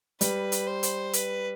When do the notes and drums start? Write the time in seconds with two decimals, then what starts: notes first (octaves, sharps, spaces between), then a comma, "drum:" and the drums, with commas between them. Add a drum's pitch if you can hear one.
0.21 G3 B4, drum: hi-hat
0.52 drum: hi-hat
0.68 C5
0.83 drum: hi-hat
1.13 B4, drum: hi-hat